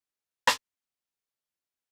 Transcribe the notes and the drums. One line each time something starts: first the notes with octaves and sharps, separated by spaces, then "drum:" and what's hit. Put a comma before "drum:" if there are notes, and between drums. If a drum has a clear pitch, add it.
D#3 C#4 E4 G5 A#5 E6
drum: rim click